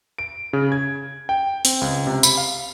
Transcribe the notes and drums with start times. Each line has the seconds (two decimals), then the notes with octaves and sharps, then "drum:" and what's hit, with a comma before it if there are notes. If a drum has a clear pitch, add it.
0.18 D7
0.53 C#3
0.72 G#6
1.29 G5
1.65 C4, drum: open hi-hat
1.81 C#2
2.07 C3
2.23 B5, drum: tambourine
2.37 F5